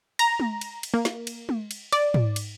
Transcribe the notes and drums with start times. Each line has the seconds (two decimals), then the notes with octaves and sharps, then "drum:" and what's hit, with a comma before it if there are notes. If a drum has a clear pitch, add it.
0.19 A#5, drum: cymbal
0.40 drum: tom G#3
0.61 drum: cymbal
0.83 drum: cymbal
0.94 A#3
1.05 drum: snare
1.27 drum: cymbal
1.49 drum: tom G#3
1.71 drum: cymbal
1.92 D5, drum: cymbal
2.14 drum: tom
2.36 drum: cymbal